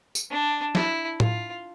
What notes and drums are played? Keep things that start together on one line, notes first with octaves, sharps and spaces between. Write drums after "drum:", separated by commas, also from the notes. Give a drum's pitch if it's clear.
drum: tambourine
D4
E4, drum: snare
F4, drum: tom A2